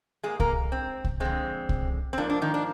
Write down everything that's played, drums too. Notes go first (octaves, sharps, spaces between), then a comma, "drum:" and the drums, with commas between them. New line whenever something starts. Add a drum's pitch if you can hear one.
G#2 G3 G#3 A#3 G#4
A#3 A#4, drum: kick C2
C4
drum: kick C2
F2 D3 G#3 C4
drum: kick C2
C4
G#2 F3 A#3 D4
D4
D#3 D#4
D4